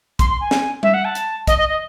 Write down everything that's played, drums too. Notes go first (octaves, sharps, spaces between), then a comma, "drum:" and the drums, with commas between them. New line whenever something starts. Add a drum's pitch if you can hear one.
C6, drum: kick, hi-hat
C6
G#5
drum: snare
E5, drum: tom G3
F#5
A5
drum: hi-hat
D#5, drum: kick, hi-hat
D#5
D#5